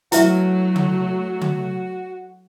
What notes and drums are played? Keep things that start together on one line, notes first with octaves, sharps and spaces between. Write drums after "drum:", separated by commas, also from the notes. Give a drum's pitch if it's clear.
F#3 A3 E4 F#4 B4 E5, drum: hi-hat
drum: tom C#3
drum: tom C#3